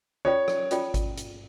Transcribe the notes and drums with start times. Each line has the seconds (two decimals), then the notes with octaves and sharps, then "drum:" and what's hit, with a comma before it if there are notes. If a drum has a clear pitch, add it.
0.25 C#4 F4 A4 C#5 D5 G5
0.48 drum: rim click
0.71 C#4 F4 A4 D5 G5, drum: hi-hat
0.94 drum: kick G#1, hi-hat
1.17 drum: hi-hat